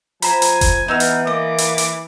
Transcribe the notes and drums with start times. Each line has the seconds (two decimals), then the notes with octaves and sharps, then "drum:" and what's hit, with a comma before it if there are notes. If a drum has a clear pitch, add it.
0.22 F3 C5 G#5 A#5 B5, drum: hi-hat
0.42 drum: hi-hat
0.61 drum: kick F1, hi-hat
0.88 E3 B3 D#4 E6 F6
1.00 drum: hi-hat
1.27 A#3 D#5 D6
1.58 drum: hi-hat
1.78 drum: hi-hat